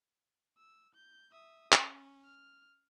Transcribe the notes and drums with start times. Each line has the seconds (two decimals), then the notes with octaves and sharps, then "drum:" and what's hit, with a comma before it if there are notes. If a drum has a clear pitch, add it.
0.57 E6
0.95 G6
1.32 E5 D#6
1.73 C#4, drum: clap
2.24 F6